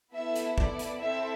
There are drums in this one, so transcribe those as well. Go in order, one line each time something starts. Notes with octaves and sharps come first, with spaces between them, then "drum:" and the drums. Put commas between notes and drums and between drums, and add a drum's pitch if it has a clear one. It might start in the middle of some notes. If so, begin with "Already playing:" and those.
B3 E4 A4 E5
drum: hi-hat
D5, drum: kick
drum: hi-hat
C4 E4 A4 E5